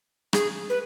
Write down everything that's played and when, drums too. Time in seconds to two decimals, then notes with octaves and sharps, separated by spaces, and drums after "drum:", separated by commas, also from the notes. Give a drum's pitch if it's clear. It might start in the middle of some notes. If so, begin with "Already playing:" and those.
0.33 G#4, drum: rim click
0.70 B4